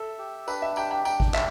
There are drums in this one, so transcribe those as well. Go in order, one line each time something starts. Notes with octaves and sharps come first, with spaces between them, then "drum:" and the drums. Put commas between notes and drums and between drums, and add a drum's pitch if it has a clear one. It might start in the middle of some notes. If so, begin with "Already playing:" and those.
Already playing: A4 E5
G4
D4 B4, drum: tambourine
E5
G4 G5, drum: tambourine
G5
D4 G5, drum: tambourine
drum: kick G#1
D5 E5, drum: clap